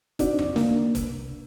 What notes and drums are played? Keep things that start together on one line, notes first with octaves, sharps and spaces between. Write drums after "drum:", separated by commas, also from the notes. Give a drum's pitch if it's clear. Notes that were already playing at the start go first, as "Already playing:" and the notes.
C4 D4 D#4 F#4 D5, drum: kick F1, hi-hat
drum: tom E2
A#3 D4, drum: snare
C2, drum: kick F1, hi-hat